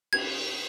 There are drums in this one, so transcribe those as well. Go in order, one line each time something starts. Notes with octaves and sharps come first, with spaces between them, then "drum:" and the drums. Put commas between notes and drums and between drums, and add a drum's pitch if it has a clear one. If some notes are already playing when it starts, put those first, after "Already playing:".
G#6, drum: cymbal